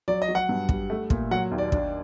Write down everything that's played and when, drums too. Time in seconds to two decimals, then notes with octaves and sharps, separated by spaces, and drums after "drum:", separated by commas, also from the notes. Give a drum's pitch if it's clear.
0.08 F#3 D5
0.22 D#5
0.28 F#3
0.35 F#5
0.49 G2
0.69 G3, drum: kick
0.90 A3
1.10 A#2, drum: kick
1.31 F#3 F#5
1.51 D#2
1.58 D5
1.72 D4, drum: kick